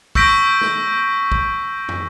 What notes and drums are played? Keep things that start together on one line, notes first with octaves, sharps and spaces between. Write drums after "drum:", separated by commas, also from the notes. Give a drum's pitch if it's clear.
C#6 E6 G6 A#6 B6 D7, drum: kick
drum: snare
drum: kick
drum: tom